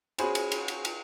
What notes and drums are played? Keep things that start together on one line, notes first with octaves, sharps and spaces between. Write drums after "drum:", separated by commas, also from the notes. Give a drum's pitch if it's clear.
C#4 F#4 G#4 C5 G#5 B5, drum: cymbal
drum: cymbal
drum: cymbal
drum: cymbal
drum: cymbal